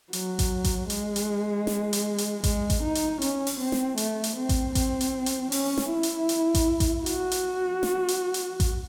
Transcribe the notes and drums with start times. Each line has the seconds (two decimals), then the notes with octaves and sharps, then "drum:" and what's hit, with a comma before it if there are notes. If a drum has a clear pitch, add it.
0.13 F#3, drum: hi-hat
0.39 drum: kick A1, hi-hat
0.64 drum: kick A1, hi-hat
0.90 G#3, drum: hi-hat
1.16 drum: hi-hat
1.67 drum: snare
1.93 drum: hi-hat
2.18 drum: hi-hat
2.44 G#3, drum: kick A1, hi-hat
2.70 drum: kick A1, hi-hat
2.83 D#4
2.95 drum: hi-hat
3.22 C#4, drum: hi-hat
3.47 drum: open hi-hat
3.60 C4
3.72 drum: snare
3.97 A3, drum: hi-hat
4.24 drum: hi-hat
4.36 C4
4.49 drum: kick A1, hi-hat
4.75 C4, drum: kick A1, hi-hat
5.01 drum: hi-hat
5.26 drum: hi-hat
5.52 C#4, drum: open hi-hat
5.78 drum: snare
5.90 E4
6.03 drum: hi-hat
6.29 drum: hi-hat
6.55 drum: kick A1, hi-hat
6.80 drum: kick A1, hi-hat
7.06 F#4, drum: hi-hat
7.31 drum: hi-hat
7.83 drum: snare
8.08 drum: hi-hat
8.34 drum: hi-hat
8.60 drum: kick A1, hi-hat